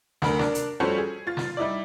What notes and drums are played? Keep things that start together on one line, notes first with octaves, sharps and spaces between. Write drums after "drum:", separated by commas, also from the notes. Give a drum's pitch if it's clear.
D2 A#4 B5, drum: snare
D4 A#4, drum: snare
drum: hi-hat
F3 G3 C#4 F#4 A4 C5
G#4
F4 A6
drum: snare
G3 D#4 E4 D5